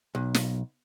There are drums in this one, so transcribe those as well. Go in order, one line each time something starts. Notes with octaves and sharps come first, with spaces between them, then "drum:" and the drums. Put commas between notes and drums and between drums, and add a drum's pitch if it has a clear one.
B1
drum: snare